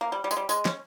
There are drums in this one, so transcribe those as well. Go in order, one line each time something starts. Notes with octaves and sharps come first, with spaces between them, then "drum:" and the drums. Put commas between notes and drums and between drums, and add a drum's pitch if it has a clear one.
A#3
G3
G3
G#3, drum: tambourine
G3
G#3, drum: tambourine
C#4, drum: snare